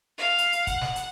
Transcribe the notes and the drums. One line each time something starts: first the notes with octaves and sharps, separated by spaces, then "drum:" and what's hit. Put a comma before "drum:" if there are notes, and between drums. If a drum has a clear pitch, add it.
F5
drum: hi-hat
drum: hi-hat
F#5, drum: kick, hi-hat
drum: snare
drum: hi-hat